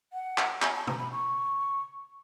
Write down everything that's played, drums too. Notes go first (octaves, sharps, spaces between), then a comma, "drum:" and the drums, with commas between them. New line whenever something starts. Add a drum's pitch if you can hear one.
F#5
drum: clap
G#5, drum: clap
A5
A#5, drum: tom B2
B5
C#6